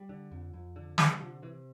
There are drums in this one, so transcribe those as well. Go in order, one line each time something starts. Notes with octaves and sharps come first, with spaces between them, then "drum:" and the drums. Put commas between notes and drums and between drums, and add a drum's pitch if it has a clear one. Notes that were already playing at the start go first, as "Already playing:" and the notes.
Already playing: G3
D3
F2
F2
D3
D3 A3, drum: snare
G3
C3 F3
C3 E3